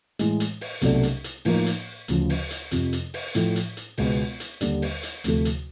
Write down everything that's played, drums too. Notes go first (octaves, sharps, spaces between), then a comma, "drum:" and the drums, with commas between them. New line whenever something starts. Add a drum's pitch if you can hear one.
A2 E3 G#3, drum: hi-hat
drum: hi-hat
drum: open hi-hat
C2 B2 F#3 A3 D4, drum: hi-hat
drum: hi-hat
drum: hi-hat
A2 F3 A#3 D#4, drum: open hi-hat
drum: hi-hat
D2 C#3 F3, drum: hi-hat
drum: open hi-hat
drum: hi-hat
F2 C3 F3, drum: hi-hat
drum: hi-hat
drum: open hi-hat
A2 F3 A3, drum: hi-hat
drum: hi-hat
drum: hi-hat
C#2 B2 G#3 B3, drum: open hi-hat
drum: hi-hat
D#2 D3 G3, drum: hi-hat
drum: open hi-hat
drum: hi-hat
D2 C3 F3 A3, drum: hi-hat
drum: hi-hat